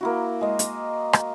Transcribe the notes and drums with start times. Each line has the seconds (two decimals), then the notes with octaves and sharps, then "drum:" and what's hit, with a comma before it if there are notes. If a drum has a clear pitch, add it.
0.01 A#3 E4 F#4
0.41 G#3 D#5
0.59 drum: hi-hat
1.13 drum: rim click